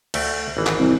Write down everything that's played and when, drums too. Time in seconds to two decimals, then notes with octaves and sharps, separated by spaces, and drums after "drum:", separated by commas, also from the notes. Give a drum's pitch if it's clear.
0.14 D2 A3 G5, drum: cymbal
0.57 G#1 E3
0.66 drum: clap
0.78 C2